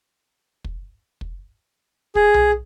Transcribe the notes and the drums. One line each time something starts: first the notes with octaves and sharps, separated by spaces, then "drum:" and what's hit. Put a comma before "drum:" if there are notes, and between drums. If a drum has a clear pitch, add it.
drum: kick
drum: kick
G#4, drum: kick
drum: tom B1